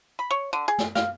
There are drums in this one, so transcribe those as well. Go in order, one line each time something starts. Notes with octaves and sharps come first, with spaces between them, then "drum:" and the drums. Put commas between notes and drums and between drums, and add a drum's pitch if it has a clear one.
B5
C#5
D3
G#4
drum: snare
F5, drum: snare